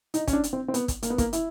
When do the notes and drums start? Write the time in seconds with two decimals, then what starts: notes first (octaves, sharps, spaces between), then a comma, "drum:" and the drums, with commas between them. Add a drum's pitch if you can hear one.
0.14 D#4, drum: hi-hat
0.28 C#4, drum: kick, hi-hat
0.33 D4
0.44 drum: hi-hat
0.53 C4
0.68 C4
0.74 B3, drum: hi-hat
0.88 drum: kick, hi-hat
1.03 A#3, drum: hi-hat
1.10 B3
1.18 A#3, drum: kick, hi-hat
1.33 E4, drum: hi-hat